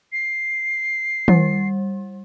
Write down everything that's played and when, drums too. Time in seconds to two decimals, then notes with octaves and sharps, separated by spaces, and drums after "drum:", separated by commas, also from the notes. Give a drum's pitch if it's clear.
0.12 C7
1.28 G3, drum: tom D#3